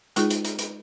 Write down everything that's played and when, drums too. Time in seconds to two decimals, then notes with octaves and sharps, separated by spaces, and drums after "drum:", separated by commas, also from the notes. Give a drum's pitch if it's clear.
0.16 G#3 D#4 F4 G#4, drum: hi-hat
0.30 drum: hi-hat
0.44 drum: hi-hat
0.59 drum: hi-hat